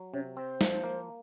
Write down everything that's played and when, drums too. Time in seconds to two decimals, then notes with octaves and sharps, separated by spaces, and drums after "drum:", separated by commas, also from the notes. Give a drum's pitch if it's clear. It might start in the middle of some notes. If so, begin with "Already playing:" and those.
Already playing: F#3
0.13 C3 C#4 C#5
0.36 C4 C5
0.61 F3, drum: snare
0.84 A#3